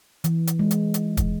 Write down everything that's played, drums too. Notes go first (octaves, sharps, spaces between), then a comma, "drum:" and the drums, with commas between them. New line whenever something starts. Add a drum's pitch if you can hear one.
E3, drum: hi-hat
drum: hi-hat
G#3
drum: hi-hat
drum: hi-hat
drum: kick, hi-hat